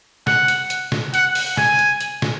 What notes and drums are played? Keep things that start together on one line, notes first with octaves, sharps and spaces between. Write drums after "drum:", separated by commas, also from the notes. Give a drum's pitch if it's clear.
F#5, drum: snare
drum: hi-hat
drum: hi-hat
drum: snare
F#5, drum: hi-hat
drum: open hi-hat
G#5, drum: snare
drum: hi-hat
drum: hi-hat
drum: snare